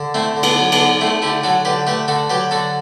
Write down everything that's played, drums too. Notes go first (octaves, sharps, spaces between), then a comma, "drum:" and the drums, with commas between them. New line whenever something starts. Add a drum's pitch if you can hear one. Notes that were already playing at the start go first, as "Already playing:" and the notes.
Already playing: D3
A3 C4 E4
D3
B3 D4, drum: cymbal
F#3
B3 D4, drum: cymbal
D3
A3 C4 E4
D3 E4 G4
F#3 F#4 A4
D3 G4 B4
A3 G4 B4
D3 F#4 A4
F#3 G4 B4
D3 F#4 A4